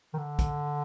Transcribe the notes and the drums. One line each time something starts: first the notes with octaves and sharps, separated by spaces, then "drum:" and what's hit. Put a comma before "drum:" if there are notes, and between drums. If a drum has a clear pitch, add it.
D#3
D3
drum: kick, hi-hat